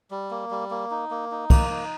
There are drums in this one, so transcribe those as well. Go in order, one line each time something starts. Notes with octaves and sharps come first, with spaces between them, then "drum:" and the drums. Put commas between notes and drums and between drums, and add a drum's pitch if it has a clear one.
G3
A#3
G3
A#3
D#4
A#3
D#4
A#3, drum: kick, cymbal
D#4